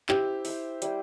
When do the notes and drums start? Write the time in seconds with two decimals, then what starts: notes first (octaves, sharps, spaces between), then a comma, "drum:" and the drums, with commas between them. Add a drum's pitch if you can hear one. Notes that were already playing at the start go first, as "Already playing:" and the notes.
0.09 E4 G4 C5 E5, drum: clap
0.45 E4 C5 E5, drum: open hi-hat
0.82 G3 E4 C5, drum: hi-hat